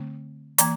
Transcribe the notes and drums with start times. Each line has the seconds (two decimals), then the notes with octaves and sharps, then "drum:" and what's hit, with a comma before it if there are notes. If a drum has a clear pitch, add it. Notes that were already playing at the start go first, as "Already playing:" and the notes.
Already playing: D3 A3 C4
0.58 E3 A#3 A#5, drum: hi-hat